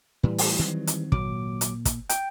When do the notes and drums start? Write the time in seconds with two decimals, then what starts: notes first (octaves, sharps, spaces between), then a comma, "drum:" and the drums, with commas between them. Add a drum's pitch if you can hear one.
0.23 A2 E3 G3
0.38 drum: open hi-hat
0.59 D#3 F#3 C4
0.87 drum: hi-hat
1.12 G#1 A#2 F#3 D6, drum: kick
1.61 drum: hi-hat
1.85 drum: kick, hi-hat
2.09 G5, drum: hi-hat